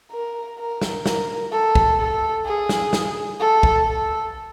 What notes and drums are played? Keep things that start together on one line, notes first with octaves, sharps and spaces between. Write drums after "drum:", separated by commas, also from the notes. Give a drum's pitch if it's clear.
A#4
A#4
drum: snare
A#4, drum: snare
A4
drum: kick
A4
G#4
drum: snare
drum: snare
A4
drum: kick
A4